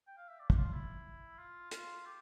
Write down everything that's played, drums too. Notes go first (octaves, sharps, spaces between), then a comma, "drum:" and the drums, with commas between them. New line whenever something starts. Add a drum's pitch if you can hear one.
G5
F5
E5
D5
G4, drum: kick
F4
E4
F4
F4, drum: hi-hat
G4